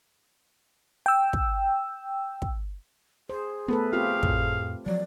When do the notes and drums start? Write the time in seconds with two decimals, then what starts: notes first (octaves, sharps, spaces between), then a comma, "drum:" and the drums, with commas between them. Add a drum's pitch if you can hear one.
1.06 G5 E6
1.33 drum: kick
2.42 drum: kick
3.30 G#4 C5
3.68 A3 B3 A4 B4
3.93 C4 F4 G4 F5
4.23 F2 A2, drum: kick
4.86 F3 F#3 D5